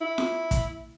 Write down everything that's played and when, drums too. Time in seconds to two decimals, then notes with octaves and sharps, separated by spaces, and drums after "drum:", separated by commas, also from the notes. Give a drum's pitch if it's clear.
0.01 E4
0.18 drum: snare
0.51 drum: kick, hi-hat